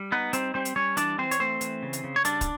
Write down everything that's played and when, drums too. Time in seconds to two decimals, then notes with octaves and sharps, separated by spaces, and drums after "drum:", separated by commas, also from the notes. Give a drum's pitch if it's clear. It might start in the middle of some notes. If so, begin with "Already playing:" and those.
Already playing: G3
0.12 B3 D#4 B4
0.33 G3 C4 C5, drum: hi-hat
0.54 G3 C4 C5
0.65 drum: hi-hat
0.76 G3 C#4 C#5
0.97 E3 D4 D5, drum: hi-hat
1.18 E3 C4 C5
1.31 C#5, drum: hi-hat
1.40 A3 C4 C5
1.61 E3, drum: hi-hat
1.83 C#3
1.93 drum: hi-hat
2.04 C#3
2.16 C#5
2.25 G3 D4 D5, drum: hi-hat
2.41 drum: kick, hi-hat